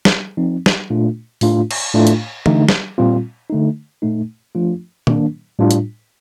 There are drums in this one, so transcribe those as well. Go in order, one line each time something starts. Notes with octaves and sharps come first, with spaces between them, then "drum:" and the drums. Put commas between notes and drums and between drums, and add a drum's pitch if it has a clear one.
drum: snare
F3 C4 D#4
drum: snare
A#2 A3 D4 F4
A2 A3 D4 F4, drum: open hi-hat
drum: cymbal
A2 A3 D4 F4
drum: hi-hat
D3 A3 D#4, drum: tom
drum: snare
A#2 G3 C4 F4
D3 A3 D#4
A#2 A3 D#4
F3 A3 D4 F4
D#3 A#3 D4, drum: tom A#2
A2 G3 D4 F4
drum: hi-hat